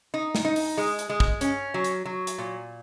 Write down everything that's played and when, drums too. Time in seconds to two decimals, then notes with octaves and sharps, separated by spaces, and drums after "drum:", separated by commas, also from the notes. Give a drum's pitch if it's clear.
0.14 D#4
0.35 drum: snare
0.45 D#4
0.56 drum: open hi-hat
0.78 G#3
0.99 drum: hi-hat
1.10 G#3
1.20 drum: kick
1.41 C#4, drum: hi-hat
1.74 F#3
1.84 drum: hi-hat
2.06 F#3
2.27 drum: hi-hat
2.38 A#2